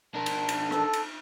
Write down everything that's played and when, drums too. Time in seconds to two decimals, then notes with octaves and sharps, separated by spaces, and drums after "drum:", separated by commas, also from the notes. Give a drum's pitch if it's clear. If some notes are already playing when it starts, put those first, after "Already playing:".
0.15 D4 A#4 A5
0.26 drum: cymbal
0.49 drum: cymbal
0.71 A4, drum: rim click
0.93 drum: cymbal